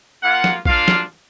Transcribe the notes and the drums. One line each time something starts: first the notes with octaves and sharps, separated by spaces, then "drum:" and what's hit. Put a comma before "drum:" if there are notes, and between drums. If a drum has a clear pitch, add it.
A#3 F4 F#5
drum: snare
A#3 D4 F4 F5, drum: kick A#1
drum: snare